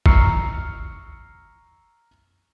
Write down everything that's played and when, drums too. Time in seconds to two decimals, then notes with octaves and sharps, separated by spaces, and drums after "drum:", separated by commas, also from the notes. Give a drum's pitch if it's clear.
0.06 A#5 C#6 E6 F6 C7 C#7, drum: kick